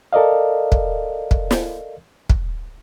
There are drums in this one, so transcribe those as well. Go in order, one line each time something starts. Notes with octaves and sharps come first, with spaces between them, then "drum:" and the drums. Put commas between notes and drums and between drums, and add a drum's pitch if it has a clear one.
A4 A#4 D5 D#5 F5
drum: kick
drum: kick
drum: snare
drum: kick